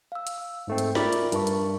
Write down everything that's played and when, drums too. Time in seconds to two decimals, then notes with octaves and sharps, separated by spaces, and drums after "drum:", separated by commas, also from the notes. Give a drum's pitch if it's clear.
0.12 F5 E6
0.27 drum: hi-hat
0.38 E6
0.67 G#2 A3 C4
0.78 drum: hi-hat
0.95 F4 A#4 D5 E5 B5, drum: snare
1.13 drum: hi-hat
1.32 G2 A#4 A5 C#6, drum: hi-hat
1.47 drum: hi-hat